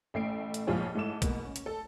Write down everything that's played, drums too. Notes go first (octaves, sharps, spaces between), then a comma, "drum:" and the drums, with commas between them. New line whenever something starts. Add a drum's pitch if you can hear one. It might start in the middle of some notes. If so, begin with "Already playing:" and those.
A1 A3 C7 D7
drum: hi-hat
A#1 G#2 F3 F4 G#4 C#5
G#2 E4 A4 D6 E7
G#2 B2 A#3, drum: kick A#1, hi-hat
C#4
drum: hi-hat
A4 A5